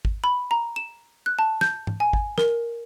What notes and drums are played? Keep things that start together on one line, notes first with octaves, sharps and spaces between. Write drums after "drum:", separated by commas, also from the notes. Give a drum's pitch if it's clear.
drum: kick G#1
B5
A#5
E7
F#6
A5
G6, drum: snare
drum: tom G#2
G#5
drum: kick G#1
A#4, drum: snare